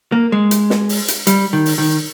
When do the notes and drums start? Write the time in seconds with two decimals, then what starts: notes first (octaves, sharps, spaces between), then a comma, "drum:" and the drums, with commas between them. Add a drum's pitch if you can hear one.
0.12 A#3
0.32 G#3
0.51 drum: hi-hat
0.70 drum: snare
0.89 drum: open hi-hat
1.08 drum: hi-hat
1.27 G3, drum: hi-hat
1.53 D#3
1.66 drum: open hi-hat
1.78 D#3